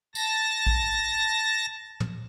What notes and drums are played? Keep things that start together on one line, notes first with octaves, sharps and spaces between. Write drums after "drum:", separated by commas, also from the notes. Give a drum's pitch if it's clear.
A5 A#6, drum: tambourine
drum: kick A#1
drum: tom